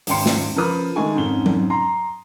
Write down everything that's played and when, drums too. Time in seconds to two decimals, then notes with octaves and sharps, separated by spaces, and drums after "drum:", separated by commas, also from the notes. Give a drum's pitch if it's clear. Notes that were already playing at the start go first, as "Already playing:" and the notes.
0.07 G#1 C#3 G5 C6 C#7, drum: open hi-hat
0.26 drum: snare
0.56 C#3 F3 A#4 B4 D#6
0.96 D#3 G#3 A3 G#5 C#6
1.15 F2 G#2 C#3 C#4 G7
1.46 drum: tom F#3
1.70 A#5 C6